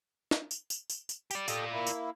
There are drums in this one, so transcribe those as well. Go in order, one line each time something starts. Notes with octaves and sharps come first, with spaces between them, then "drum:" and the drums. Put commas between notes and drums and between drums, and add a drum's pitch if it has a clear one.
drum: snare
drum: tambourine
drum: tambourine
drum: tambourine
drum: tambourine
G4 D5, drum: tambourine
F4 G4 A4 D5 D#5, drum: tambourine
A#3 E4
drum: tambourine